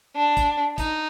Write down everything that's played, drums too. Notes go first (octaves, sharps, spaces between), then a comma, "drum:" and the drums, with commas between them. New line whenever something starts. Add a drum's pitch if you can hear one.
D4
drum: kick, hi-hat
D#4, drum: kick, hi-hat